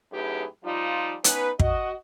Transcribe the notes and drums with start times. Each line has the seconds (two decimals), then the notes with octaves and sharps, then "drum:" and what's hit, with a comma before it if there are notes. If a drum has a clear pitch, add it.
0.12 F#2 A2 D#4 G4 G#4 B4
0.63 F3 G3 D#4 F4
1.24 B3 C#4 D#4 B4, drum: hi-hat
1.59 F#4 D#5, drum: kick